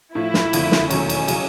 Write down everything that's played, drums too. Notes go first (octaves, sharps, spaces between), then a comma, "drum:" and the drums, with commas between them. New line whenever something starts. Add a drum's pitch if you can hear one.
A2 F3 A3 E4
drum: snare
F#1 F2 D3 F3 A3, drum: cymbal
drum: snare
E1 D#2 D#3 F#3 A3 C#4, drum: cymbal
drum: cymbal
C#3 F#3, drum: cymbal